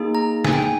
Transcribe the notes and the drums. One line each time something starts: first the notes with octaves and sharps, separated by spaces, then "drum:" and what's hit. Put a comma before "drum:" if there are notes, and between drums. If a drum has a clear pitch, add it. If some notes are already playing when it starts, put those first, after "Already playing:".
Already playing: A#3 D#4 G#4
A#5
G#5, drum: snare
G5
G#5